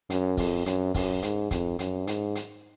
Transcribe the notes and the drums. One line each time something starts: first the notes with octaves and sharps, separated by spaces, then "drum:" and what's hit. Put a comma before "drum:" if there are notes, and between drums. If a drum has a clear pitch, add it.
F#2, drum: hi-hat
F2, drum: kick, open hi-hat
F#2, drum: hi-hat
F#2, drum: kick, open hi-hat
G#2, drum: hi-hat
F2, drum: kick, hi-hat
F#2, drum: hi-hat
G#2, drum: hi-hat
drum: hi-hat